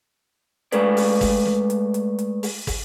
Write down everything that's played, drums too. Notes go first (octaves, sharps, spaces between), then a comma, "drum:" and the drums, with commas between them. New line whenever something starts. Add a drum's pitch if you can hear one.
G#3 A3 G#4 B4 D5, drum: hi-hat
drum: open hi-hat
drum: kick, open hi-hat
drum: snare
drum: hi-hat
drum: hi-hat
drum: hi-hat
drum: open hi-hat
drum: kick, open hi-hat